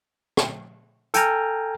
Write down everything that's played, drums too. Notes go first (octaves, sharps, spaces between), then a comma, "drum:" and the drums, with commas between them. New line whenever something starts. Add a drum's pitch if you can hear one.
drum: rim click
A4 G5 G#5 A#5 F6, drum: hi-hat